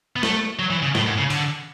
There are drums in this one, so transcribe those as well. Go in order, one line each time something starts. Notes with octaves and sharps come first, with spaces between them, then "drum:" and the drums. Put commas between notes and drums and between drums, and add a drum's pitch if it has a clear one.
B3
A3, drum: snare
F#3
E3
C#3
A2, drum: snare
G#2
C#3
D3, drum: open hi-hat